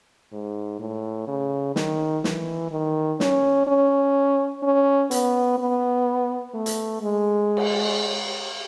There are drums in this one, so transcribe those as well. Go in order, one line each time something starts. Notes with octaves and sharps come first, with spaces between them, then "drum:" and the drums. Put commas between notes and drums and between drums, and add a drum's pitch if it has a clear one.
G#2
A2
C#3
D#3, drum: snare
E3, drum: snare
D#3
C#4, drum: snare
C#4
C#4
B3, drum: hi-hat
B3
A3
drum: hi-hat
G#3
drum: cymbal